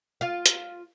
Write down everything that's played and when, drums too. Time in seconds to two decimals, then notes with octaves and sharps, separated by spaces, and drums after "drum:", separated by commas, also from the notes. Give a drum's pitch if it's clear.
0.21 F4 F5
0.46 drum: hi-hat